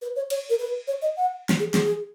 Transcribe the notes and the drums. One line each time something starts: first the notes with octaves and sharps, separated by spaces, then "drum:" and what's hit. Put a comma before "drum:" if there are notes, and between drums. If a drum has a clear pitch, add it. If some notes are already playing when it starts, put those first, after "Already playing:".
B4
C#5
C#5, drum: cymbal
A#4
B4
C#5
D#5
F#5
drum: snare
G#4
G#4, drum: snare